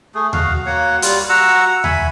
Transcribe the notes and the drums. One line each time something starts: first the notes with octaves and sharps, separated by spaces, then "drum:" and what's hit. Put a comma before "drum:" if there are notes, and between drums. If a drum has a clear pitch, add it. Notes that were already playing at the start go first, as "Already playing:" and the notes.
A3 G#4
F#4 F5, drum: tom D#2
A#3 F#4 C#5 F#5
G3 F4, drum: hi-hat
F#4 F#5 A#5 E6
E5 G#5 B5, drum: tom D#2